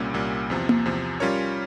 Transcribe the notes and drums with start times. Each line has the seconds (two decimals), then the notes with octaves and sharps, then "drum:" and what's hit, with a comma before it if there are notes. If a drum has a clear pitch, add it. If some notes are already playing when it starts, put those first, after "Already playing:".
Already playing: C2 A#2 G3 A#3 C#4
0.14 C2 A#2 G3 A#3 C#4
0.50 E2 C3 F3
0.69 drum: tom A#3
0.85 E2 C3 F3
1.20 G3 C#4 F4 A#4 C#5